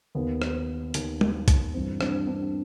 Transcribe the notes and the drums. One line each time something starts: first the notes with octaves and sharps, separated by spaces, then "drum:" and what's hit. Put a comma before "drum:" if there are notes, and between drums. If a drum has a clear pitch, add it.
D#2 D#3 B3
drum: rim click
D#2 D#3, drum: hi-hat
drum: tom G3
drum: kick, hi-hat
G2 E3 C4
C4 D4, drum: rim click
C4 D4
D4